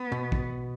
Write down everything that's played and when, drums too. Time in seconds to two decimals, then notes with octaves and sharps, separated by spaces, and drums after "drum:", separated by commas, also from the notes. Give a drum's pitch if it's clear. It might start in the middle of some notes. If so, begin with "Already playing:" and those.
Already playing: B3
0.12 B2
0.32 drum: kick